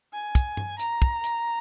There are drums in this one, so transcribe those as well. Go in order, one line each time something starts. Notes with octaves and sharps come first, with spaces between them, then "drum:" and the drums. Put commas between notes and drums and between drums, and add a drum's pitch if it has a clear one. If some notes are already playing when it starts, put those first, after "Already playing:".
G#5
drum: kick, hi-hat
drum: tom G2
A#5, drum: hi-hat
drum: kick
drum: hi-hat